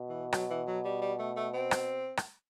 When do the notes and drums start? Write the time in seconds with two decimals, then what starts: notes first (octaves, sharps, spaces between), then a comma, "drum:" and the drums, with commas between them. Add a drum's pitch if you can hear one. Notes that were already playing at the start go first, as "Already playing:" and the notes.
Already playing: B2
0.10 E3
0.33 F#3, drum: rim click
0.50 E3
0.68 F#3
0.85 G3
1.02 G3
1.19 A3
1.37 A3
1.54 C4
1.71 drum: rim click
2.17 drum: rim click